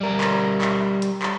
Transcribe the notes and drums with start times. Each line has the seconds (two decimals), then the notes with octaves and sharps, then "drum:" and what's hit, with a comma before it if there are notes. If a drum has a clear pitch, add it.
0.01 G3 A#4
0.21 drum: clap
0.61 drum: clap
1.02 drum: hi-hat
1.22 drum: clap